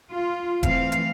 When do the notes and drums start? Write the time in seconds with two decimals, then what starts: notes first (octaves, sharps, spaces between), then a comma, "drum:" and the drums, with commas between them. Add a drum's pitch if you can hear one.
0.11 F4
0.63 E3 A3 C4 F5, drum: kick E1, hi-hat
0.92 drum: hi-hat